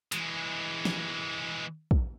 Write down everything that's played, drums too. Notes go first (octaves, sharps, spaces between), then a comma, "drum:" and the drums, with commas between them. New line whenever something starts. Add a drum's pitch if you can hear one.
E3 G#3, drum: hi-hat
drum: snare
drum: kick